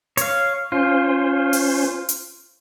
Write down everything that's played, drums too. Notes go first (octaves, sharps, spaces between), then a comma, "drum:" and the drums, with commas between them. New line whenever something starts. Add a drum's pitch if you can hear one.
C#5 F5, drum: hi-hat
C#4 F4 C5
drum: open hi-hat
drum: hi-hat